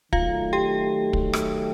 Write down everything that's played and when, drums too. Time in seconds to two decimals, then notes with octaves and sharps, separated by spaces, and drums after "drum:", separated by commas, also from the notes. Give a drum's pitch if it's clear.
0.13 D#3 F#3 A3 F4 F5, drum: kick
0.53 G4 G5
1.13 drum: kick
1.33 drum: rim click